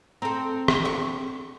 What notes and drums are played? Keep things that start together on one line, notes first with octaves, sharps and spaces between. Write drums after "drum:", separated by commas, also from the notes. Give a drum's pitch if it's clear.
C4 A4 A#5
drum: rim click
D3 C#6